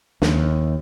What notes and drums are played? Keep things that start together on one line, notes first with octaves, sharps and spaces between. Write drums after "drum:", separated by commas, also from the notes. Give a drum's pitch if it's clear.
D#2, drum: snare